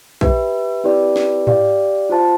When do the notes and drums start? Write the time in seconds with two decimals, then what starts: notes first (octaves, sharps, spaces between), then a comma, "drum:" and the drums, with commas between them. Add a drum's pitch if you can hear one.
0.21 G4 B4 E5, drum: kick A#1
0.84 C4 E4 G4 B4 D5
1.16 drum: snare
1.47 G4 D5 F5, drum: tom G#2
2.10 F4 C5 F5 A5